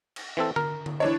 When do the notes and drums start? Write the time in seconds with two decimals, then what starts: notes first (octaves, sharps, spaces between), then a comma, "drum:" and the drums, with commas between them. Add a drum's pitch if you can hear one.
0.16 drum: cymbal
0.37 E3 C4 A4
0.56 A#4, drum: tom D3
0.86 drum: tom D3
1.00 E3 D4 C#5